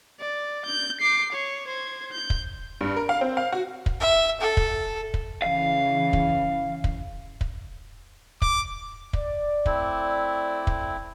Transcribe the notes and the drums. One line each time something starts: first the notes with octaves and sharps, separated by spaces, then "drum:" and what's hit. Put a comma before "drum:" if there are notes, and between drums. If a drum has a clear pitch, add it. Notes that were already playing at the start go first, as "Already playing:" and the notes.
D5
G6
D6 C7
C#5
C5 G#6
G6
drum: kick
G2
A#4
F5
C4
F5
F#4
drum: kick
E5
A4
drum: kick
drum: kick
C#3 E3 F5
drum: kick
drum: kick
drum: kick
D6, drum: kick
D5, drum: kick
A3 C4 E4, drum: kick
drum: kick